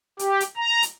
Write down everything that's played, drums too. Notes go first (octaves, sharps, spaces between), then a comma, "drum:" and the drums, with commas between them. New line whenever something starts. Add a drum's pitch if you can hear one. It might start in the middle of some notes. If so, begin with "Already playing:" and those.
G4, drum: hi-hat
drum: hi-hat
A#5
drum: hi-hat